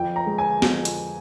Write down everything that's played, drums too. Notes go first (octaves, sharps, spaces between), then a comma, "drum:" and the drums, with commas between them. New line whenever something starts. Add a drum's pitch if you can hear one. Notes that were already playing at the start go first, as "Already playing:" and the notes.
Already playing: F2 G5
A#5
G#3
G#5
F2, drum: snare
drum: hi-hat